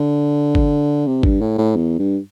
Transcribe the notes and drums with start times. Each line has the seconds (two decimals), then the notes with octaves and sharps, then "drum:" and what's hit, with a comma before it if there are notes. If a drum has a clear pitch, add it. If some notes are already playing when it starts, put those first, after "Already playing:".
Already playing: D3
0.55 drum: kick G1
1.07 C3
1.23 G2, drum: kick G1
1.41 A2
1.58 A2
1.76 E2
1.99 G2